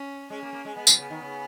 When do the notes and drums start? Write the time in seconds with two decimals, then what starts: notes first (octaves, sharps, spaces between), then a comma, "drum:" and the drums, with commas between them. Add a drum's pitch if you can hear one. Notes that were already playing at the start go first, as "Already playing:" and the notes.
Already playing: C#4
0.30 G#3 C#4
0.43 A#3
0.53 A#3
0.65 G#3
0.76 G#3 B3
0.87 F3, drum: tambourine
0.99 C#3
1.10 D#3
1.22 C#3